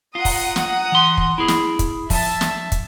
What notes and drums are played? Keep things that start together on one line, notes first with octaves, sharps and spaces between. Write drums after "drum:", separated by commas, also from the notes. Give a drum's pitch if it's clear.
F4 F#5 A#5 D#6
drum: kick, open hi-hat
drum: snare
E3 C6
drum: kick
E4 G#4
drum: snare
drum: kick, hi-hat
F3 E5 A5, drum: kick, open hi-hat
drum: snare
drum: kick, hi-hat